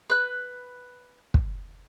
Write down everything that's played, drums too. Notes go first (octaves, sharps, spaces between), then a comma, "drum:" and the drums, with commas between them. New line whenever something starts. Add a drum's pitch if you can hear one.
B4 F#6
drum: kick